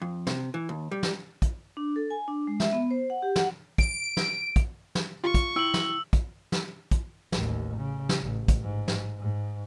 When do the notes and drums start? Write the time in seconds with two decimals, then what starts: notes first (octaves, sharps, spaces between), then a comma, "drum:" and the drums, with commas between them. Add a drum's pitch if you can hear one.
0.02 F2
0.27 C3, drum: snare
0.54 E3
0.69 D#2
0.91 G3
1.03 drum: snare
1.42 drum: kick, hi-hat
1.77 D4
1.96 A4
2.10 G#5
2.28 D4
2.47 G#3
2.60 E5, drum: snare
2.73 B3
2.91 C5
3.10 F#5
3.22 G4
3.36 F#5, drum: snare
3.78 D7, drum: kick, hi-hat
4.17 drum: snare
4.56 drum: kick, hi-hat
4.95 drum: snare
5.24 F4 C#6
5.34 drum: kick, hi-hat
5.56 E4 G5 E6 F#7
5.74 drum: snare
6.13 drum: kick, hi-hat
6.52 drum: snare
6.91 drum: kick, hi-hat
7.32 A1 D#2, drum: snare
7.78 C#3
8.09 drum: snare
8.22 A1
8.48 drum: kick, hi-hat
8.63 G#2
8.88 drum: snare
9.20 G#2